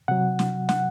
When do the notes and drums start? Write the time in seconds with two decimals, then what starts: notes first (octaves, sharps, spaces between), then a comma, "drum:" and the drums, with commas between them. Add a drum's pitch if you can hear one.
0.08 C3 F#3 F#5
0.39 drum: snare
0.69 F#5, drum: snare